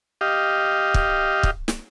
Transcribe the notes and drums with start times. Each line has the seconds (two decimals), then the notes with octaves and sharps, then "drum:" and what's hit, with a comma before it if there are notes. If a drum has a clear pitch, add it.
0.21 G4 D#5 F5
0.94 drum: kick
1.43 drum: kick
1.68 drum: snare